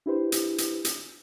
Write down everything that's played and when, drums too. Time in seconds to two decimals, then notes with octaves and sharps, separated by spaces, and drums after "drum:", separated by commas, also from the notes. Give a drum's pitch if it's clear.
0.06 D4 E4 G4 B4 C5
0.32 drum: hi-hat
0.58 drum: hi-hat
0.85 drum: hi-hat